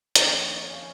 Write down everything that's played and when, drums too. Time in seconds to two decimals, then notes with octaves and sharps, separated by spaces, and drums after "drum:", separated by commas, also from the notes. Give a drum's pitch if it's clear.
0.16 F2 D#3 A#3 C#4 C#5, drum: hi-hat
0.35 D#5
0.54 C#5 F5
0.68 G#5
0.73 C#5 F5